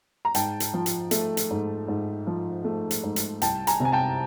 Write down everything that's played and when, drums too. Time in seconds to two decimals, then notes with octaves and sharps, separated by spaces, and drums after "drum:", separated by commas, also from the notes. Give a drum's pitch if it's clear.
0.25 A#5
0.35 G#2 G5 A5, drum: hi-hat
0.60 drum: hi-hat
0.73 F3
0.86 drum: hi-hat
1.11 A3, drum: hi-hat
1.37 drum: hi-hat
1.50 G#2
1.88 G#2
2.27 F3
2.64 A3
2.91 drum: hi-hat
3.03 G#2
3.16 drum: hi-hat
3.42 C2 G5 A5, drum: hi-hat
3.67 G#5 A#5, drum: hi-hat
3.80 C3 G#5
3.92 G5 A5